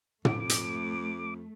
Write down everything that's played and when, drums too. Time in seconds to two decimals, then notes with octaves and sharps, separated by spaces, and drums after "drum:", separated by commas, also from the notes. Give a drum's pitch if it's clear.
0.25 F2 A3 D6, drum: tom
0.49 drum: hi-hat